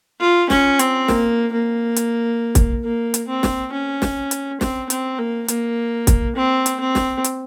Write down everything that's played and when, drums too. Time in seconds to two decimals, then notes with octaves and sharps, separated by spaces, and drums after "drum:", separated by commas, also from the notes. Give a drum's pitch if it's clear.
0.20 F4
0.50 C#4, drum: snare
0.79 C4, drum: hi-hat
1.08 A#3, drum: snare
1.53 A#3
1.96 drum: hi-hat
2.55 drum: kick, hi-hat
2.85 A#3
3.14 drum: hi-hat
3.28 C4
3.43 drum: snare
3.72 C#4
4.02 drum: snare
4.31 drum: hi-hat
4.61 C4, drum: snare
4.90 C4, drum: hi-hat
5.19 A#3
5.48 A#3, drum: hi-hat
6.07 drum: kick, hi-hat
6.36 C4
6.66 drum: hi-hat
6.80 C4
6.95 drum: snare
7.24 drum: hi-hat